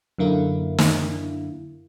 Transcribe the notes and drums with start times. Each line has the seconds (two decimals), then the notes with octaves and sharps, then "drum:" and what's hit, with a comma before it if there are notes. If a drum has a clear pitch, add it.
0.18 F#2 D3 A#3 E4
0.78 drum: snare